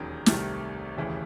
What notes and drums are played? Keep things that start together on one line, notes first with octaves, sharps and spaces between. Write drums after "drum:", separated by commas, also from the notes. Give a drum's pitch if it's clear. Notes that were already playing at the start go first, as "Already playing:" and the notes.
Already playing: E1 D#2 D#3 F#3 C#4
C2 C3 D#3 A3, drum: snare
E1 D#2 C#3 E3 A3